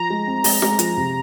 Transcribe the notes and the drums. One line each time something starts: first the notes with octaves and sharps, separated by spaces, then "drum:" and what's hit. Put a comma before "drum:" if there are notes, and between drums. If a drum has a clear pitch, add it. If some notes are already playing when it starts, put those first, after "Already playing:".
Already playing: F3 A#5
G#3
C4
G#3, drum: open hi-hat
G#3, drum: snare
F3, drum: hi-hat
C3